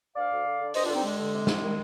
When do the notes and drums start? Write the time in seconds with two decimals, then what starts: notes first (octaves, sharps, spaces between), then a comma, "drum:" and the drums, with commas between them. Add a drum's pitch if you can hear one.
0.15 D2 D5 F5
0.31 D2
0.44 D3
0.59 D3
0.74 G2 C5 D#5, drum: open hi-hat
0.84 D4 F4
0.88 D3
0.94 C4 D#4
1.03 G2 G#3
1.18 D3
1.33 C3
1.47 C2, drum: snare
1.62 D#3